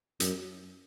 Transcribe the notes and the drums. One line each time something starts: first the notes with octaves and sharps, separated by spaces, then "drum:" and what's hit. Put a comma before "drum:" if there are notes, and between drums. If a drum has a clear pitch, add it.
F#2, drum: hi-hat